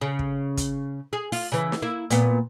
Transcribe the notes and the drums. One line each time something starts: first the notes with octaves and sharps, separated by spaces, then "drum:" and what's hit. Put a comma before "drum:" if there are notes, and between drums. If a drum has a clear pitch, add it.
C#3
drum: kick
drum: kick, hi-hat
G#4
F4, drum: open hi-hat
C#3 E3
drum: snare
A#3 E4
A#2 B3, drum: hi-hat